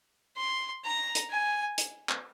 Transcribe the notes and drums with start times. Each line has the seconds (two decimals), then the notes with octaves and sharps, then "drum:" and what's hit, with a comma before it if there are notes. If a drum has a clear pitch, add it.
0.37 C6
0.84 A#5
1.15 drum: hi-hat
1.30 G#5
1.78 drum: hi-hat
2.09 drum: clap